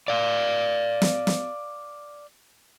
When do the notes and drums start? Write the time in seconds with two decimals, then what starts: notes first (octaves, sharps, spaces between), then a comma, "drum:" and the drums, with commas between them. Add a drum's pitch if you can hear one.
0.08 D5 F5
1.02 drum: snare
1.27 drum: snare